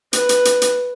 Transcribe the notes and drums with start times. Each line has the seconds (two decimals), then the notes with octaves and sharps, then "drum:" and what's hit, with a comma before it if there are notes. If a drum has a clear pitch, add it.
0.13 B4, drum: hi-hat
0.29 drum: hi-hat
0.45 drum: hi-hat
0.62 drum: hi-hat